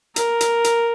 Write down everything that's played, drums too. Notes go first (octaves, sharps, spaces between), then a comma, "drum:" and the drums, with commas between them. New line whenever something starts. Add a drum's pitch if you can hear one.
A#4, drum: hi-hat
drum: hi-hat
drum: hi-hat